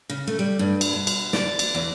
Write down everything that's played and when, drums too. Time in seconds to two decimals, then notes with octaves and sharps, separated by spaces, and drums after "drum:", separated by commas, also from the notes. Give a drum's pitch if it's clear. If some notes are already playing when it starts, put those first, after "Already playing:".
0.10 C#3
0.27 A3
0.39 G3
0.59 G2
0.81 drum: cymbal
0.93 B2
1.07 drum: cymbal
1.33 D5, drum: snare
1.59 drum: cymbal
1.75 E2